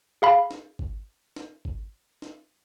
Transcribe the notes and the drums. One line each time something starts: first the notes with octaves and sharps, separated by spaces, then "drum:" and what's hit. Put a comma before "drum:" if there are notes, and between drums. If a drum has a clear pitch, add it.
G#4 F5 B5
drum: snare
drum: kick G#1
drum: snare
drum: kick G#1
drum: snare